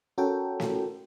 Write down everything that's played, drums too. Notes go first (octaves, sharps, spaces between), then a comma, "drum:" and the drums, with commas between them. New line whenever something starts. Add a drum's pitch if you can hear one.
C#4 F#4 A4 A#4 G5
drum: snare